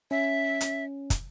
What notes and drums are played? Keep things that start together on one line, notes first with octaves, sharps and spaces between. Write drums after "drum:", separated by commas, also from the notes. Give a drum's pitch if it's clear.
C#4 E5
drum: hi-hat
drum: kick, hi-hat